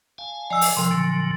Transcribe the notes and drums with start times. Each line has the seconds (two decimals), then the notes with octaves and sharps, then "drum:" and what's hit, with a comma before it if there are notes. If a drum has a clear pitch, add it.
0.18 F5 G#5 A5
0.50 F3 D5 D#5 G#5 E6 C7
0.61 drum: open hi-hat
0.77 C3 F3 C6
0.91 A#2 D3 F#3